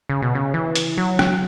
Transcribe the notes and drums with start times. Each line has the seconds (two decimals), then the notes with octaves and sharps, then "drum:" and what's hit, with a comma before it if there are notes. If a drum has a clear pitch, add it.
0.09 C#3
0.22 B2
0.35 C#3
0.54 E3
0.76 drum: hi-hat
0.98 F#3
1.19 drum: rim click